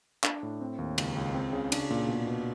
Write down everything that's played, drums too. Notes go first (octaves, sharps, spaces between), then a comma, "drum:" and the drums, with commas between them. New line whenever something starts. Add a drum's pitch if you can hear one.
D4, drum: clap
A2
C4
D#2
C#2, drum: cymbal
C#2
C4
C#3
D4, drum: cymbal
A#2
B2
B2